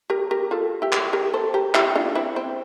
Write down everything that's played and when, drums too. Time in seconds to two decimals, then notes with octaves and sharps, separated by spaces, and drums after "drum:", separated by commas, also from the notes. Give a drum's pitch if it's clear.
0.10 G4 A#4
0.31 G4 A#4
0.51 F4 A4
0.82 E4 G4
0.92 drum: clap
1.13 G4 A#4
1.34 A4 C5
1.54 G4 A#4
1.75 E4 G4, drum: clap
1.95 D4 F4
2.15 C4 E4
2.36 C4